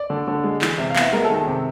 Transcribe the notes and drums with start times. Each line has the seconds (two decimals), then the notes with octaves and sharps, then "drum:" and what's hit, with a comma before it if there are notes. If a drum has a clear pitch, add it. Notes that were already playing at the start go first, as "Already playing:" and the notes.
Already playing: D5
0.10 D3
0.28 D3
0.44 G#3
0.62 E3, drum: clap
0.78 C3 E5
0.90 F5
0.96 B3, drum: clap
1.02 E5
1.13 G#3 A#4
1.24 A4
1.29 D#3
1.35 A4
1.47 C3